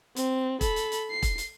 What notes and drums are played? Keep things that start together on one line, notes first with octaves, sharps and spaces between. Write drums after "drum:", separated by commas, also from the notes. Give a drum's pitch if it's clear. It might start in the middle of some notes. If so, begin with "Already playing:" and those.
C4, drum: hi-hat
A4 B5, drum: kick E1, hi-hat
drum: hi-hat
drum: hi-hat
C7
drum: kick E1, hi-hat
drum: hi-hat